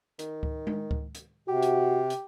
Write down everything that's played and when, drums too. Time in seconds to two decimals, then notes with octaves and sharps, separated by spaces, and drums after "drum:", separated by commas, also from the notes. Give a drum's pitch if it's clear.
0.19 D#3, drum: hi-hat
0.43 drum: kick C#2
0.67 drum: tom G#3
0.91 drum: kick C#2
1.15 drum: hi-hat
1.48 C3 F#4 G4
1.62 drum: hi-hat
2.10 drum: hi-hat